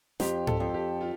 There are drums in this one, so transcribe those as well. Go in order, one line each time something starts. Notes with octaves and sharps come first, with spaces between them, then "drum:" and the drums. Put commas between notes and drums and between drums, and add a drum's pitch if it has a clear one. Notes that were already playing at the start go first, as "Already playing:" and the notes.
F2 G4, drum: snare
A4, drum: tom G#2
F2
G4
F4